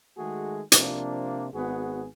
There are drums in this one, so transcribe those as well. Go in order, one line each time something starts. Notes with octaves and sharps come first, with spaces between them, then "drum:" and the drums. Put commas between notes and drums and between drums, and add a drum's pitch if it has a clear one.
D#3 G#3 A3 F#4 G#4
C3 F3 A#3 D4, drum: hi-hat
G#1 B3 F#4 G#4